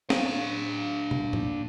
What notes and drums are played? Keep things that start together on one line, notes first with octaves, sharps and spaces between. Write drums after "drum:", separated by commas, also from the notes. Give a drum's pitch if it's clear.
D4 F5, drum: snare
drum: tom
drum: tom